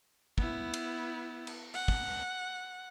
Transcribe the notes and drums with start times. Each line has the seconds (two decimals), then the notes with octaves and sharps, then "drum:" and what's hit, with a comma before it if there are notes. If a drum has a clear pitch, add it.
0.38 B3 E4, drum: kick
0.74 drum: cymbal
1.47 drum: cymbal
1.74 F#5, drum: open hi-hat
1.88 drum: kick